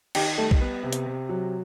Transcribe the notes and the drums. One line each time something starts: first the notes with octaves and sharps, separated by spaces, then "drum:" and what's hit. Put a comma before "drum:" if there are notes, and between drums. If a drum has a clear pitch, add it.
D#3 G4 G5, drum: cymbal
G3 A3 A4
drum: kick
B3
C3
drum: hi-hat
C3
F#3